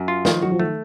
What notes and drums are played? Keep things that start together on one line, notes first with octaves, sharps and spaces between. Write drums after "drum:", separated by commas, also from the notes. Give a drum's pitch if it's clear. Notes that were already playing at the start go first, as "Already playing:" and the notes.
Already playing: F#2
F4
D#3 F3, drum: snare
F#3 F#4
F3
D#3 A3